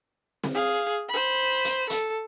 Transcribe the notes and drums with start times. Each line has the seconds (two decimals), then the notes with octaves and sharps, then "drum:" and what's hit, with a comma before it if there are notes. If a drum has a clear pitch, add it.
0.44 drum: snare C4
0.54 G#4 F5
1.09 C5 B5
1.65 drum: hi-hat
1.90 A4, drum: hi-hat